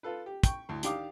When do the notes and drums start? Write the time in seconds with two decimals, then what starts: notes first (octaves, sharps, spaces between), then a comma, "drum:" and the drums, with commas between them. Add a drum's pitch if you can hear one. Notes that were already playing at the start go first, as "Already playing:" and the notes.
0.03 F4 A4 B4
0.26 G4
0.44 G5 C#6, drum: kick, hi-hat
0.69 D2 A2
0.83 D#3 D4 G4 F5 D6 D#6, drum: hi-hat